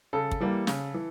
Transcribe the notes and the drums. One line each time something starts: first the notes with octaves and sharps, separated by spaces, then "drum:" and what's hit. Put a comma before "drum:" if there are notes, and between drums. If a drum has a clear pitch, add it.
C#3 A4
drum: kick
E3 G3 A#3
C#3, drum: snare
E3